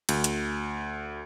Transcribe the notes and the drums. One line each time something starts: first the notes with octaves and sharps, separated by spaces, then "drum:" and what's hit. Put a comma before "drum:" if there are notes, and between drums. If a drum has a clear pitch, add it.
D2, drum: cymbal
drum: hi-hat